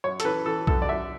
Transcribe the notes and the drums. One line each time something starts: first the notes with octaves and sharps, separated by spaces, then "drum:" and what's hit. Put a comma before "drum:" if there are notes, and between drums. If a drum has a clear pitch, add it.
F#2 C#5
A4, drum: hi-hat
E3 B4
E3 A4
F#2 A4, drum: kick B1
D5
F#2 E5